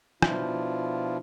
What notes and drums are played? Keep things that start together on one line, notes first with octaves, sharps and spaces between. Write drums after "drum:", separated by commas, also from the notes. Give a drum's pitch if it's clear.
B2 F3 D4 E4 F4, drum: rim click